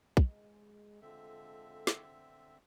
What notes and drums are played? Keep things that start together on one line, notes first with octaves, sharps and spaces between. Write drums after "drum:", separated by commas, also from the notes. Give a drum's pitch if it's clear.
G#3, drum: kick
D3 G#3 C4 F4 A4 E5
drum: snare